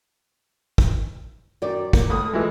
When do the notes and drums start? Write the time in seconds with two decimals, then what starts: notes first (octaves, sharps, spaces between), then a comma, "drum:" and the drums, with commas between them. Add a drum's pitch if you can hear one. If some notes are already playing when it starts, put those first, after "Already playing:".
0.78 drum: kick
1.62 F#2 D#3 D5
1.93 A#3, drum: kick
2.10 C#2 A3 D#6
2.33 E3 F3 G#3